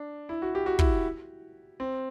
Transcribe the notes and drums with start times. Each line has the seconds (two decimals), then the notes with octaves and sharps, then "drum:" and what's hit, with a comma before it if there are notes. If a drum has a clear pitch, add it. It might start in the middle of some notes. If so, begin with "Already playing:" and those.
Already playing: D4
0.29 E4
0.42 F#4
0.55 G4
0.66 F#4
0.79 E4, drum: kick
1.80 C4